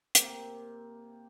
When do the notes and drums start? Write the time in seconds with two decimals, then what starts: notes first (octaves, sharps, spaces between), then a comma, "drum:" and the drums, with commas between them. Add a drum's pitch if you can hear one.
0.15 C3 A#3, drum: hi-hat